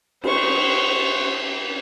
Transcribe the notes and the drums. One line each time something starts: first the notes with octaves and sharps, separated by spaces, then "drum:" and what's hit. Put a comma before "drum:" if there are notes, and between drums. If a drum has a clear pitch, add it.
C5 C#6, drum: cymbal